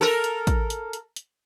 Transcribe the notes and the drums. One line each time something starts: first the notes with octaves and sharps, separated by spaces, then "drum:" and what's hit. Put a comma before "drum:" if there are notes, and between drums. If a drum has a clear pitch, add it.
A4 A#4
drum: hi-hat
drum: kick, hi-hat
drum: hi-hat
drum: hi-hat
drum: hi-hat